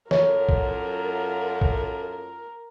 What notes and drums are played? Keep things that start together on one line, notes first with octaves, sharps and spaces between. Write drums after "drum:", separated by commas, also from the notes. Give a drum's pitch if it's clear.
F#2 F4 A4 A#4 C#5, drum: snare
drum: kick A#1
drum: kick A#1